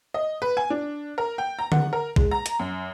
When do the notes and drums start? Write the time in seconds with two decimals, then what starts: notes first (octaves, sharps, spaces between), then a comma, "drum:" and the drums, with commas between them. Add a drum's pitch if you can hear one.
0.14 D#5
0.42 B4
0.57 G#5
0.70 D4
1.18 A#4
1.38 G5
1.59 A#5
1.72 F#5, drum: tom D3
1.93 A#4
2.16 G#3, drum: kick
2.31 A#5
2.46 drum: hi-hat
2.59 F#2